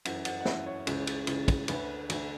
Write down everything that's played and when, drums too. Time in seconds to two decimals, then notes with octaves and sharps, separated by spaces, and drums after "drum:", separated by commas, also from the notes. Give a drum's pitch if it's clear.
0.05 F#2 E3 F#5, drum: cymbal
0.25 F#5, drum: cymbal
0.41 F#5
0.45 F#2 E3 E5, drum: snare
0.66 C#5
0.87 C#2 C#3 E3, drum: cymbal
1.07 drum: cymbal
1.27 C#2 C#3 E3, drum: cymbal
1.48 drum: kick, cymbal
1.68 D2 D3 B4, drum: cymbal
2.10 D2 D3, drum: cymbal